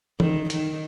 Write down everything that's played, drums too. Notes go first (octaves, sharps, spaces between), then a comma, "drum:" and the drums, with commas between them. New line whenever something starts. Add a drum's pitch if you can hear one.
D#3, drum: tom E3
D#3, drum: hi-hat